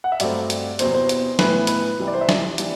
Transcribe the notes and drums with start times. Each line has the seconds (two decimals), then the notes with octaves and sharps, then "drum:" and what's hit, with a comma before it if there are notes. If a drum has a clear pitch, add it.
0.04 F#5
0.12 E5
0.20 G2 F#3 A3 C4 D5, drum: hi-hat
0.50 drum: hi-hat
0.79 E2 C3 F#3 B3 C5, drum: hi-hat
0.94 C5
1.09 drum: hi-hat
1.39 A2 E3 B3 B4, drum: snare
1.67 B4, drum: hi-hat
1.99 C2 C3 E3 G3
2.07 D5
2.14 C5
2.21 E5
2.29 D5, drum: snare
2.58 E3 G3 D4, drum: hi-hat